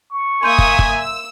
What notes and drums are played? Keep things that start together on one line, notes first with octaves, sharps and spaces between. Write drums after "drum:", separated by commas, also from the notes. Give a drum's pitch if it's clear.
C#6
A#3 E5 G#5 C6 D#6 G6 D#7
drum: kick
drum: kick
E6